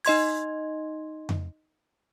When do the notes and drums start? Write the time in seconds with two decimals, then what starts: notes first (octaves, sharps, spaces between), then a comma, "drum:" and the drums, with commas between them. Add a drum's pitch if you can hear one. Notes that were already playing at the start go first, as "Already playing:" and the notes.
0.05 D#4 D#5 C6 G#6, drum: open hi-hat
1.29 drum: tom F2